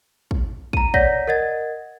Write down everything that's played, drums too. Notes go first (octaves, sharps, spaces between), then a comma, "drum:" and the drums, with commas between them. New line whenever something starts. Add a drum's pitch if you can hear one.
drum: kick
A#5 D#7, drum: kick
C#5 D5 F#5 G6 A#6 B6, drum: kick
A#4 D#5 F#5 G#6 A6